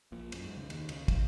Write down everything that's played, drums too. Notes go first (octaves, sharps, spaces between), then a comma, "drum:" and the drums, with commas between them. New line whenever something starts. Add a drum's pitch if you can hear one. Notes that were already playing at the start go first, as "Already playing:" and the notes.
A#1 A#2
F#2, drum: cymbal
G#2
C#2 C#3
D#2 D#3, drum: cymbal
C#2 C#3, drum: cymbal
drum: kick, cymbal